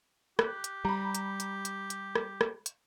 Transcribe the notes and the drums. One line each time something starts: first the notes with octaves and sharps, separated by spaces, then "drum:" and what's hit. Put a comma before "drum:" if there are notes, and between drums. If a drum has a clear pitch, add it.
G4 F#6, drum: rim click
drum: hi-hat
G3 A#5 B5
drum: hi-hat
drum: hi-hat
drum: hi-hat
drum: hi-hat
drum: rim click
drum: rim click
drum: hi-hat